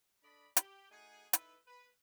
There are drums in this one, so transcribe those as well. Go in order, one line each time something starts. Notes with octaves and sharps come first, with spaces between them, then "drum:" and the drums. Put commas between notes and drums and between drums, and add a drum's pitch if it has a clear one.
D4 A4 D5 D#5 B5
G4, drum: hi-hat
A3 D#4 F#4 G#4
D#4 E4 A4 B4, drum: hi-hat
B4